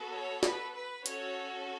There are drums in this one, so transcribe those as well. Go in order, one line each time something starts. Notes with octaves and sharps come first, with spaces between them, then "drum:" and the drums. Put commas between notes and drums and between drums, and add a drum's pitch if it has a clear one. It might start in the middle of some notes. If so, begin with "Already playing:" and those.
Already playing: B3 F#4 A4
C#5
B4, drum: snare
B4
C#4 F#4 A4 C#5, drum: hi-hat